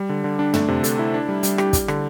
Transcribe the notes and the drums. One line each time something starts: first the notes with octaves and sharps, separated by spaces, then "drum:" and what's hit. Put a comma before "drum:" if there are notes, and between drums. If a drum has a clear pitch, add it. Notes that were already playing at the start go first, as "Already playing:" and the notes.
Already playing: G3
D3
D3
D4
A3, drum: tom
C3
A4, drum: hi-hat
E4
D4
G3
G3, drum: hi-hat
G4, drum: rim click
G3, drum: kick, hi-hat
D3, drum: rim click